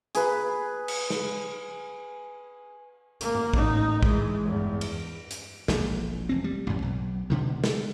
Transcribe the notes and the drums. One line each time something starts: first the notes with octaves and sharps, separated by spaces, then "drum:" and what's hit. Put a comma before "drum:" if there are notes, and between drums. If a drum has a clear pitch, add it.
G#4 B4, drum: hi-hat
drum: cymbal
drum: snare
A#3, drum: hi-hat
drum: tom G2
A1 D#4, drum: kick
E3 G#3, drum: kick
E2 G2
drum: cymbal
drum: hi-hat
E1 A#1 E2, drum: snare
F1 C4
G3
A1 F#2
B1
B2 D3 D#3
drum: snare